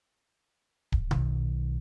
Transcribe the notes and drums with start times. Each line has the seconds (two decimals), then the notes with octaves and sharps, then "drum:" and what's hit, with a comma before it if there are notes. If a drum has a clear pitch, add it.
0.92 drum: kick D1
1.11 B1 D#3, drum: tom B2